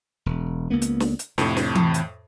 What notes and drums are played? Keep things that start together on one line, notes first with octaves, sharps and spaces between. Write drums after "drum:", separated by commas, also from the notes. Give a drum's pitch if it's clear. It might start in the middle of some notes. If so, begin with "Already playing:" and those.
E1
C#2 A#3 B3
drum: hi-hat
drum: snare
drum: hi-hat
F2 A2 C3, drum: snare
drum: snare
drum: tom E3
drum: hi-hat